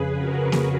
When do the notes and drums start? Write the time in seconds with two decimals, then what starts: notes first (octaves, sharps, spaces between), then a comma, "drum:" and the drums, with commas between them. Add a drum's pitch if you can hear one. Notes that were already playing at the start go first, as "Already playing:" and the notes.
Already playing: F2 C#3 G#4 B4
0.14 F#4 A#4
0.52 drum: snare A#3